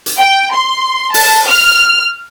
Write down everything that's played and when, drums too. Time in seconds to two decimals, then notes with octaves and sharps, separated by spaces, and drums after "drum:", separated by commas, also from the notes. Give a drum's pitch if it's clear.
0.06 drum: hi-hat
0.19 G5
0.53 C6
1.14 A5, drum: open hi-hat
1.47 F6